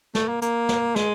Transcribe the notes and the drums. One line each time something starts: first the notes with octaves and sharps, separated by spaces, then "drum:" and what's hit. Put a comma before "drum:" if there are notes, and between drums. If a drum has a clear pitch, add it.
A3, drum: snare
A#3
A#3, drum: hi-hat
drum: snare
G#3, drum: snare